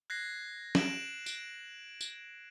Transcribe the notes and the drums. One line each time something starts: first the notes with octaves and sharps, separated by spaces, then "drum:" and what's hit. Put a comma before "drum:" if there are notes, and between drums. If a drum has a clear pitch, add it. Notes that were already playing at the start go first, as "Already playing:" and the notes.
F#6 G#6 A#6 C7
D7 E7 F#7, drum: snare
D7, drum: tambourine
drum: tambourine